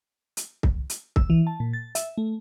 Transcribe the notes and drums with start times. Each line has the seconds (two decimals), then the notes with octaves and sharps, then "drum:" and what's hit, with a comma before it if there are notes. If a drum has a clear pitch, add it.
0.37 drum: hi-hat
0.63 drum: kick C2
0.90 drum: hi-hat
1.16 E6, drum: kick C2
1.30 E3
1.47 A5
1.60 A#2
1.73 A6
1.95 E5, drum: hi-hat
2.18 A3